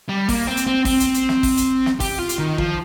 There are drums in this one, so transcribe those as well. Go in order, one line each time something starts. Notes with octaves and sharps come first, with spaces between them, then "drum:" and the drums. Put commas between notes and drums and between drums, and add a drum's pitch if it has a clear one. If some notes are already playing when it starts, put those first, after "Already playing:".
G3
A#3, drum: kick, open hi-hat
C4
drum: hi-hat
C4
C4, drum: kick, open hi-hat
drum: hi-hat
drum: hi-hat
drum: snare
drum: kick, open hi-hat
drum: hi-hat
drum: snare
G4, drum: kick, open hi-hat
F4
drum: hi-hat
D#3
F3, drum: kick